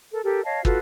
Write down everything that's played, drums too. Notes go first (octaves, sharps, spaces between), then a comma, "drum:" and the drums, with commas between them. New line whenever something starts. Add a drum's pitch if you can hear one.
A4 A#4
G4 A4 A#4
C#5 D#5 F5 A5
F4 F#4 A4 B4, drum: kick